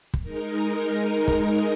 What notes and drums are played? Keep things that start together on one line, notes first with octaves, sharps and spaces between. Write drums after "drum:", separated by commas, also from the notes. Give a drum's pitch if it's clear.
drum: kick
G#3 D#4 A#4
drum: kick